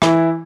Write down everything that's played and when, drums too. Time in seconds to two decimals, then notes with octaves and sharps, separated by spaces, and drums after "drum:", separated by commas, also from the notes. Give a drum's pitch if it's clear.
0.02 E3 E4, drum: rim click